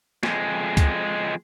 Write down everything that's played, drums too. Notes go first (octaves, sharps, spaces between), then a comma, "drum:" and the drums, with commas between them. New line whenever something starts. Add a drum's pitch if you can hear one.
F2 G#3, drum: snare
drum: kick, hi-hat